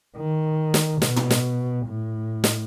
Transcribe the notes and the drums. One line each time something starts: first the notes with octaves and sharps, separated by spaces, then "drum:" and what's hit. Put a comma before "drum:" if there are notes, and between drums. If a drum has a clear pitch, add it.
D#3
drum: snare
B2, drum: snare
drum: tom
drum: snare
A2
drum: snare